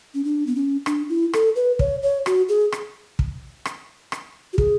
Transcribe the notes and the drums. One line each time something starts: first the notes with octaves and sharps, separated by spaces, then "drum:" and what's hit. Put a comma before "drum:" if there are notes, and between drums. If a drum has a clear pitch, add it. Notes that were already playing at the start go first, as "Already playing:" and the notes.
C#4
D4
B3
C#4
D4, drum: rim click
E4
A4, drum: rim click
B4
C#5, drum: kick
C#5
F#4, drum: rim click
G#4
drum: rim click
drum: kick
drum: rim click
drum: rim click
F#4
G#4, drum: kick